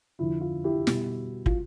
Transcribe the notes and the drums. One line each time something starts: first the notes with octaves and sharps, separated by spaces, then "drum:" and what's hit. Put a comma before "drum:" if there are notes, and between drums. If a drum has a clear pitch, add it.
F2 D3 F3 E4
F4
E4 G4
B2 G3, drum: snare
F4, drum: kick